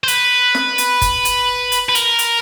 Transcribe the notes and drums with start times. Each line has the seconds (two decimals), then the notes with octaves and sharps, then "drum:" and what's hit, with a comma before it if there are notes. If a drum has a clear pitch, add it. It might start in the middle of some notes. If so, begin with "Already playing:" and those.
0.04 C5
0.08 B4, drum: hi-hat
0.55 drum: snare
0.78 drum: hi-hat
1.01 drum: kick F#1, hi-hat
1.25 drum: hi-hat
1.72 drum: hi-hat
1.89 B4
1.95 A#4, drum: hi-hat
2.19 drum: hi-hat